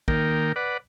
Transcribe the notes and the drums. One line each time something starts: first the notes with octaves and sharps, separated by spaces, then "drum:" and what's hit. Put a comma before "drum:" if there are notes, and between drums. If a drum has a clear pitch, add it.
D#3 A#3 A#4 G5, drum: kick
B4 D5 F#5